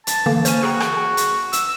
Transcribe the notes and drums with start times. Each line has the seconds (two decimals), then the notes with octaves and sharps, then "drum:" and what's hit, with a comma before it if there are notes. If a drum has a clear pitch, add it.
0.07 A5, drum: hi-hat
0.26 D3 E3 A#3
0.45 C#4 C5 G#5, drum: hi-hat
0.63 F#4 G#4 G5 A#5
0.80 drum: rim click
1.17 drum: hi-hat
1.53 E6, drum: hi-hat